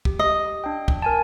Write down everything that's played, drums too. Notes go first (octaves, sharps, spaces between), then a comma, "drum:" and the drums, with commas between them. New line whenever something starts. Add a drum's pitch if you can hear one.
G4, drum: kick
D#5
D4 G5
drum: kick
A#4 G#5 A5